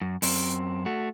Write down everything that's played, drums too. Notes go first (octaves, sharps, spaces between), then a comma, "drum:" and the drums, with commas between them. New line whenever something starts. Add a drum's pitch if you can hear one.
F#2
F#2 C4, drum: open hi-hat
A3 F#4